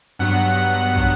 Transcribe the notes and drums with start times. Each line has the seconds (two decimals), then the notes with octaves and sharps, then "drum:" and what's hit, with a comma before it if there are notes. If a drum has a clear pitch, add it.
0.19 G2 F#3 B3 F#5
0.95 F#3 B3, drum: kick